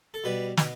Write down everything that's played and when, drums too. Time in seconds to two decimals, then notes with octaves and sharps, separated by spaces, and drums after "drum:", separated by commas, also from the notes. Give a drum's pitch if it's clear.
0.14 A4
0.24 B2 G3 B4
0.57 B2, drum: snare